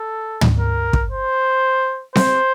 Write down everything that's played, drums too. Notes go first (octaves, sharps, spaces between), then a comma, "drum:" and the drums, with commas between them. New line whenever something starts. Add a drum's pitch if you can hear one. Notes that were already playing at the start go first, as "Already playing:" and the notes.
Already playing: A4
drum: tom
A#4
drum: kick
C5
C5, drum: snare C4